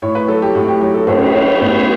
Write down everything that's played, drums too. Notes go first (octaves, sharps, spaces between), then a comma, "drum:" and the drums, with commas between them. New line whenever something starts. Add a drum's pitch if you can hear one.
A2 C#5
B4
F#3 A4
G4
A2 F#4
G4
F#3 G4
A4
A2 F#4, drum: cymbal
F#3 C#4
A2 B3